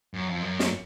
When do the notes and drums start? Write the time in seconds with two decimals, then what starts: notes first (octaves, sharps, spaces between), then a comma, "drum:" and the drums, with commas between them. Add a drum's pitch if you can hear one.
0.14 F#2
0.28 F2
0.42 F#2
0.60 drum: snare